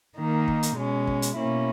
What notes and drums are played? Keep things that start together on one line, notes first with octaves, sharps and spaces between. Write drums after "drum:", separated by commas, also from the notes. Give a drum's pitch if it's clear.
D#3 A#3 D#4
drum: kick
drum: hi-hat
B2 G#3 C#4
drum: kick
drum: hi-hat
B2 A#3 C#4 E4